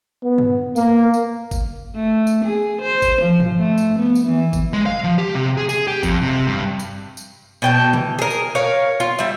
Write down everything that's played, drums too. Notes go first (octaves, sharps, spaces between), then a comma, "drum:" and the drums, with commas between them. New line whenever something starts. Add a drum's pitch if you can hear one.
B3
drum: tom
A#3, drum: tambourine
drum: tambourine
drum: kick G1, tambourine
A3
drum: tambourine
G#4
C5
drum: kick G1, tambourine
F3
drum: tom
A3
drum: tambourine
B3
drum: tambourine
E3
drum: kick G1, tambourine
G#3
F5
F3
G4
C3
G#4
G#4, drum: tambourine
G4
F2, drum: kick G1, tambourine
C3
G2
drum: tambourine
drum: tambourine
B2 G5 A5
E3, drum: tom
G#4 A#4
drum: tambourine
A#4 C#5 F5
F4
G3 E5